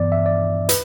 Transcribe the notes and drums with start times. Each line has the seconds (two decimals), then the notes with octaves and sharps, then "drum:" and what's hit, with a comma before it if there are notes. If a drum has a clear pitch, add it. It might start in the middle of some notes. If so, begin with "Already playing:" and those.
Already playing: G2 E3 B3 D5
0.12 E5
0.26 D5
0.69 B4, drum: hi-hat